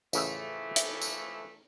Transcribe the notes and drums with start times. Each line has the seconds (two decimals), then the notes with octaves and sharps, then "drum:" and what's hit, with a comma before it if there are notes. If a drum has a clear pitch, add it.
0.13 A1 C#3 E3 F3 A3 E5, drum: tambourine
0.76 E5, drum: hi-hat
1.01 drum: tambourine